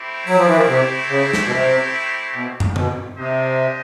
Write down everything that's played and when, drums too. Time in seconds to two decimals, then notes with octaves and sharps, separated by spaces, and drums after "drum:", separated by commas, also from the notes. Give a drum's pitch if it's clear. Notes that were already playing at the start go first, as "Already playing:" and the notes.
Already playing: A3 C4 E4 G4
0.27 F#3, drum: open hi-hat
0.36 F3
0.47 E3
0.56 D#3 F3
0.68 C3
1.10 C#3
1.33 drum: snare
1.46 B2
1.52 C3
2.34 B2
2.60 drum: tom
2.76 B2, drum: tom D3
3.17 C3 D4 G4 C5 D#5